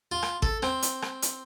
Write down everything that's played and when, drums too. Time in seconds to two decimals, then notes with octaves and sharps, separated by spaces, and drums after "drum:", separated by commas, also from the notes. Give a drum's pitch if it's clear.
0.12 F4
0.23 drum: rim click
0.42 A4, drum: kick G#1
0.62 C4, drum: rim click
0.82 drum: hi-hat
1.02 drum: rim click
1.22 drum: hi-hat